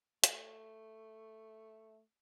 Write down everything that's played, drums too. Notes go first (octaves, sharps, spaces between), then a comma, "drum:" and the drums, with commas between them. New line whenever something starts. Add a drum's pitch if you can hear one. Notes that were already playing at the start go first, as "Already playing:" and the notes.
A3, drum: hi-hat